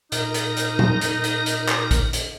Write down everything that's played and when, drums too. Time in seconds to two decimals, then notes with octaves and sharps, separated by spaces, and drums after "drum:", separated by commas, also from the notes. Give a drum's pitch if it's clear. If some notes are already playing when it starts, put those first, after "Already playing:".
0.12 A#2 D#4 A#4, drum: hi-hat
0.34 drum: hi-hat
0.57 drum: hi-hat
0.79 drum: tom A#2
1.01 drum: hi-hat
1.24 drum: hi-hat
1.46 drum: hi-hat
1.69 drum: clap
1.91 drum: kick A#1, hi-hat
2.13 drum: hi-hat